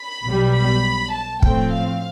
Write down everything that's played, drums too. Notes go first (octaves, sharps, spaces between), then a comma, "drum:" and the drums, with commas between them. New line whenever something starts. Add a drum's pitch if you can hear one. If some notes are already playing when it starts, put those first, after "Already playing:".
Already playing: B5
B1 B2 G3
B5
A5
A2 F3 A3 C4 G5, drum: kick
F5